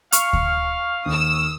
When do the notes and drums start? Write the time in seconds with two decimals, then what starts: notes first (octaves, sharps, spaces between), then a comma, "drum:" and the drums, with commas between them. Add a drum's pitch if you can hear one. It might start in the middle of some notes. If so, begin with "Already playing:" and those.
0.12 F5 C#6 F6, drum: hi-hat
0.33 drum: kick D2
1.06 D#2 D#6 E6